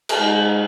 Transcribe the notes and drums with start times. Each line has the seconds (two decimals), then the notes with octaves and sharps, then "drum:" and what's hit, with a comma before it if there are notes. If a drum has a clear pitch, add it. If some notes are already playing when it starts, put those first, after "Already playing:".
0.09 drum: cymbal
0.19 G#2